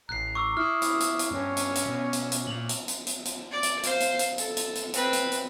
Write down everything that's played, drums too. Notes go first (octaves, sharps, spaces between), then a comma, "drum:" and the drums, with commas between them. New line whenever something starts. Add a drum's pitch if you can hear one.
A1 A#5 F#6 C7
C#6 D6 E6
E4 D#6 F6
drum: hi-hat
drum: hi-hat
drum: hi-hat
G2 C#4
drum: hi-hat
drum: hi-hat
B2
drum: hi-hat
drum: hi-hat
A#2 F7 F#7
drum: hi-hat
drum: hi-hat
drum: hi-hat
drum: hi-hat
D5
drum: hi-hat
C5 F5, drum: hi-hat
drum: hi-hat
drum: hi-hat
A4, drum: hi-hat
drum: hi-hat
drum: hi-hat
C4 B4, drum: hi-hat
drum: hi-hat
drum: hi-hat